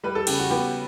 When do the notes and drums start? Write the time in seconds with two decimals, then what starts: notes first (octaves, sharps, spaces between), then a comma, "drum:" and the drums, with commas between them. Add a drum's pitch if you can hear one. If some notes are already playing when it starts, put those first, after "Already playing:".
0.04 G3 B4
0.15 A4
0.27 C#3 G4, drum: cymbal
0.39 F#4
0.50 B3 G4